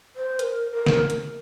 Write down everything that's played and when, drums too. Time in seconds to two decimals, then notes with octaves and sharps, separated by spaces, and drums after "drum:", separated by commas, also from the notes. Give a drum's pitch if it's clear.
0.16 C5
0.39 A#4, drum: hi-hat
0.71 A#4
0.86 drum: snare
1.10 drum: hi-hat